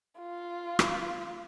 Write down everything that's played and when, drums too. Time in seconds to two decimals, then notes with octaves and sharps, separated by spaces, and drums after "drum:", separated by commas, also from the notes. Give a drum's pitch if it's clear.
0.19 F4
0.79 drum: rim click